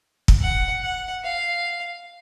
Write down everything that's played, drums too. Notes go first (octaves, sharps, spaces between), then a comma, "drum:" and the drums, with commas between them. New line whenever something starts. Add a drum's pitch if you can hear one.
drum: kick
F#5
F#5
F5